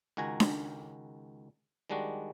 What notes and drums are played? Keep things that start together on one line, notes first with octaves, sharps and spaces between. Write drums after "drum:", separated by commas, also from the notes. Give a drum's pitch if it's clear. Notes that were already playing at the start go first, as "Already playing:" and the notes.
C#2 D#3 F#4 G#5 A#5
drum: snare D4
D#3 G3 G#3 D4 F#4